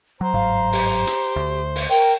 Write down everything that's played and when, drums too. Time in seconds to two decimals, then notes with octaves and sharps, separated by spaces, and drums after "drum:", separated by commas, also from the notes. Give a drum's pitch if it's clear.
0.21 F#3 C5 A#5
0.34 G1 G#2 F#3 F5
0.73 G4, drum: open hi-hat
1.07 drum: hi-hat
1.36 D2
1.76 drum: open hi-hat
1.90 A#4 G5